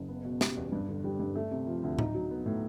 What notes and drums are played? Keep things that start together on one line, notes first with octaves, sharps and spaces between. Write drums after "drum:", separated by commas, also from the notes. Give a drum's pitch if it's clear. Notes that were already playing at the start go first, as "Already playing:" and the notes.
Already playing: F#1
B3
B2
G3, drum: snare
E2
G2
D3
G3
G2
A3
C3
F3
D2
D#4, drum: tom A2
F#3
B3
A2